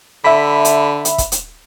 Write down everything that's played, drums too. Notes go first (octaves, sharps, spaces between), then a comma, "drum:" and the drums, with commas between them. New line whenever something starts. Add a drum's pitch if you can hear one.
D3 E5 B5
drum: hi-hat
drum: hi-hat
drum: kick, hi-hat
drum: hi-hat